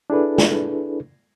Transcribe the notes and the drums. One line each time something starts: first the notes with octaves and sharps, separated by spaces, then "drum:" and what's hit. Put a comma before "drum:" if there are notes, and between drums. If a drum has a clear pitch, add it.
D4 E4 G#4 A4 B4
drum: snare